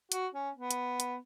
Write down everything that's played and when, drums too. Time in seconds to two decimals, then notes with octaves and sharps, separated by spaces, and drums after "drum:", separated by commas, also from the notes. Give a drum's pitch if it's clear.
0.12 F#4, drum: hi-hat
0.34 C#4
0.56 B3
0.71 drum: hi-hat
1.00 drum: hi-hat